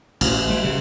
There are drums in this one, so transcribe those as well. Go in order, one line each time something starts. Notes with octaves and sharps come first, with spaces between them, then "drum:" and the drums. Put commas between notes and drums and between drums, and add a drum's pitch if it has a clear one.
A1, drum: cymbal
G3
C#3